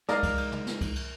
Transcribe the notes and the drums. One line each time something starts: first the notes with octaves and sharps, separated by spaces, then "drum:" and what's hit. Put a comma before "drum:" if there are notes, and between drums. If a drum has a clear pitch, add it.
G#2 G#3 A#4 D5 D#5 F5, drum: snare
drum: kick C2, cymbal
drum: cymbal
drum: tom
drum: snare
drum: kick C2, cymbal
drum: cymbal